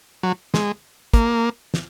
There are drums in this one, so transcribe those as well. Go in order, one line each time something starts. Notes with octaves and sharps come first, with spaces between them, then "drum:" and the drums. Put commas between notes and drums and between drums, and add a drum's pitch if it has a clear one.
F#3
G#3, drum: snare
A#3, drum: kick, hi-hat
drum: snare